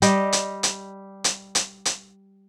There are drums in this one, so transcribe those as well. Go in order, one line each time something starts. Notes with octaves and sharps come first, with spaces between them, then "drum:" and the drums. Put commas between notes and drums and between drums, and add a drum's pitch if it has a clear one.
G3 G4 D#5, drum: hi-hat
drum: hi-hat
drum: hi-hat
drum: hi-hat
drum: hi-hat
drum: hi-hat